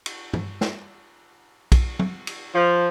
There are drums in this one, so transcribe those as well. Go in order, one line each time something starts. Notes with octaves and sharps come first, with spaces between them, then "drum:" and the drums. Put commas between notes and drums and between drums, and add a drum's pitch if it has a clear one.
drum: cymbal
drum: tom
drum: snare
drum: kick, cymbal
drum: tom
drum: cymbal
F3 C5